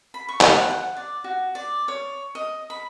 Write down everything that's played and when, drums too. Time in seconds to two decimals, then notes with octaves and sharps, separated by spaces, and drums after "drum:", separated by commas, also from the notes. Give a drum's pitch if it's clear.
0.14 B5
0.29 C#6
0.41 drum: clap
0.50 F#5
0.70 F#5
0.97 D5
1.24 F#4
1.55 D5
1.88 C#5
2.35 D#5
2.70 B5